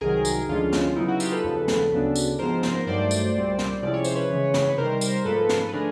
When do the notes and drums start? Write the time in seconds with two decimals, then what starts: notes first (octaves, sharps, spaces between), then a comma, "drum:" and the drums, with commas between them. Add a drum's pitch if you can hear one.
0.01 C2 C3 D#3 F#3 G#4 A#4
0.25 drum: tambourine
0.48 D2 D3 F3 G#3 C#4 F4
0.72 drum: snare
0.96 C#3 F#3 B3 D#4 E4
1.08 E4 F#4
1.20 F4 G4, drum: tambourine
1.32 A4 B4
1.44 D#2 C#3 F3
1.68 drum: snare
1.92 D2 C#3 F#3 B3 D4
2.16 drum: tambourine
2.39 G#2 F3 G#3 B3 A#4 C5
2.63 A#4 C5, drum: snare
2.87 G2 D#3 F#3 A3 C5 D5
3.11 drum: tambourine
3.35 C2 A#2 G3 C4
3.59 drum: snare
3.83 C3 F3 G#3 C#4 E4 D5
3.94 C#5
4.05 C5, drum: tambourine
4.15 B4 C#5
4.30 C#3 E3 G#3
4.54 drum: snare
4.69 B4
4.77 C3 D#3 G3 A#4 C5
5.01 A#4 C5, drum: tambourine
5.25 G#2 F3 A#3 A4 B4
5.49 drum: snare
5.69 B4
5.73 D3 F3 A3 D4 G#4 A#4